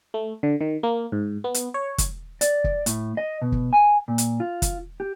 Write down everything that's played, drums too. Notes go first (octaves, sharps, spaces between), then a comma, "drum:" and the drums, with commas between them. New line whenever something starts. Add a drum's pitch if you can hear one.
A3
D3
D#3
A#3
G#2
B3
drum: hi-hat
C#5
drum: kick, hi-hat
D5, drum: hi-hat
drum: kick
A2, drum: hi-hat
D#5
B2
drum: kick
G#5
A#2
drum: hi-hat
F4
drum: kick, hi-hat
G4